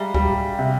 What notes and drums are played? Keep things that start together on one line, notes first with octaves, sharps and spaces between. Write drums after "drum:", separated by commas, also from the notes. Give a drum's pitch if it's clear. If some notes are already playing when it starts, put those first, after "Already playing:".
Already playing: G3 G#3 E5 F5 G5 G#5 A#5
G3, drum: kick C#2
C3